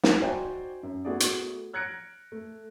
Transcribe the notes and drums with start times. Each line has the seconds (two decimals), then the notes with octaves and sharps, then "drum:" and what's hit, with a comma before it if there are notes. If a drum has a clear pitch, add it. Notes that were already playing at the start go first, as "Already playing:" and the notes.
0.03 drum: snare
0.22 D#4 F#4 C5 D5 G5 G#5
0.83 F#2
1.05 A3 B3 F#4 G#4 D5
1.20 drum: hi-hat
1.74 F6 F#6 G#6 A#6 C#7 D7
2.32 A3